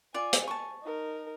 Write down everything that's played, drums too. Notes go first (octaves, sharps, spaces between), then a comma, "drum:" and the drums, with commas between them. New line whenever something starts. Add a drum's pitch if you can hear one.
F4 D5 G#5
drum: hi-hat
A5 C#6
D#4 A#4